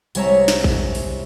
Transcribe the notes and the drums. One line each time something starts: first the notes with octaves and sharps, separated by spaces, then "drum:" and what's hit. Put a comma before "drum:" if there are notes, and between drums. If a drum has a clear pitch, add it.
C2 G#3 C#5 E5 A#5, drum: tambourine
drum: snare
drum: kick A1
drum: open hi-hat